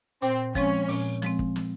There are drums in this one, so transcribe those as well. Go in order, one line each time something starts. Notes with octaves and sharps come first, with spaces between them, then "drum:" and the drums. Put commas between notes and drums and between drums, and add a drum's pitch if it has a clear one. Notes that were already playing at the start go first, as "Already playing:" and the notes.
A#2 C4, drum: hi-hat
F3 G#3 C4 C#4, drum: kick, hi-hat
A#2, drum: open hi-hat
F3 G#3 C4, drum: snare
drum: kick
drum: snare